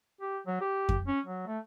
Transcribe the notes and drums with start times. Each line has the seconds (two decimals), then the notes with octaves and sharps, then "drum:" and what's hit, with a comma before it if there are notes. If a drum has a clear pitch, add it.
0.21 G4
0.47 F#3
0.61 G4
0.89 drum: kick F2
1.07 C#4
1.26 F#3
1.47 A3